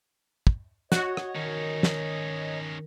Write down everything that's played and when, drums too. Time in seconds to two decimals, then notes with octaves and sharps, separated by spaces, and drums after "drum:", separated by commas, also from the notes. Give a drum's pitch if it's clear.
0.47 drum: kick
0.92 F#4 C#5 D#5, drum: snare
1.17 drum: rim click
1.35 D#3 C#4 D#4
1.83 drum: snare